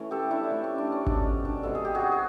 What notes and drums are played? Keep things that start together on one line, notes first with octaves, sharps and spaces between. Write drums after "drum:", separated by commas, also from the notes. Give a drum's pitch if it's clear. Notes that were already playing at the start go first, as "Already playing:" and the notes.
Already playing: E3 A3 C#4
G4 A4
D4 E4
A2 F3 A3 C4
C#4
D4
C#4
B2 G#3 C#4 D4, drum: kick G#1
D4
C3 F3 G#3 B3 A4
G#4
G4
F#4 G#4
G#4